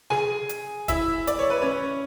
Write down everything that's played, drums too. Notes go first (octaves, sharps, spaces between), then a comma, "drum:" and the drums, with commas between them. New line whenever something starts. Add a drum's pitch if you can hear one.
G#4 G#5, drum: snare
drum: hi-hat
E4 E5, drum: kick, hi-hat
D5, drum: hi-hat
C#5
B4
C#4 C#5